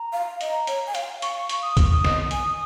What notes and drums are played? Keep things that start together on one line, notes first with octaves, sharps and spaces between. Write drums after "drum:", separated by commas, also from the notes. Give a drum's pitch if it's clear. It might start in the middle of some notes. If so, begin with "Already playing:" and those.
Already playing: A#5
F5
D#5, drum: hi-hat
C#5, drum: hi-hat
G#5
F5, drum: hi-hat
F5 C#6, drum: hi-hat
drum: hi-hat
D#6
drum: kick, hi-hat
D#6
D#5, drum: snare
G#5, drum: hi-hat